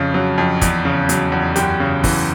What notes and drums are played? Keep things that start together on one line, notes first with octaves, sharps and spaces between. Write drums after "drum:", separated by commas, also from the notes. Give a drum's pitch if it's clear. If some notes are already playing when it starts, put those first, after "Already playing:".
Already playing: F2 C#3
F#3
F2
E2, drum: kick, hi-hat
C#3
F#3, drum: hi-hat
E2
F#2 G4, drum: hi-hat
C#3
E3, drum: kick, open hi-hat